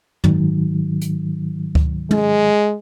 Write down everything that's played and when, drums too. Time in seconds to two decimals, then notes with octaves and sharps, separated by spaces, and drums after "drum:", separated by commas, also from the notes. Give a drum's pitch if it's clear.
0.24 G#2 D#3 F#3, drum: tom
1.01 drum: hi-hat
1.75 drum: kick D2
2.11 G#3, drum: tom